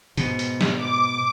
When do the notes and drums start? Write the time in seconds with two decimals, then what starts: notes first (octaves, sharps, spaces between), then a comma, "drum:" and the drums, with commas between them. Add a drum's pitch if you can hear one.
0.17 G#2 B2, drum: hi-hat
0.39 drum: hi-hat
0.61 drum: snare
0.76 D6